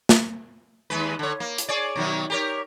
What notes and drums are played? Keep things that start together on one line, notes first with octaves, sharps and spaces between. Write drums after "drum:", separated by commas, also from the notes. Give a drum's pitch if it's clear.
drum: snare
D#2 G#3 B4
D3 C#5
A#3
drum: hi-hat
G#4 C#5 D5
B2 D#3 F#3
G4 A#4 C#5